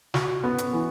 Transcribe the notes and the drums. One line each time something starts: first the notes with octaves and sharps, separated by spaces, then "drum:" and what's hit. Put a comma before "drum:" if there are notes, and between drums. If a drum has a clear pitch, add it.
F#4, drum: snare
B3
drum: hi-hat
E3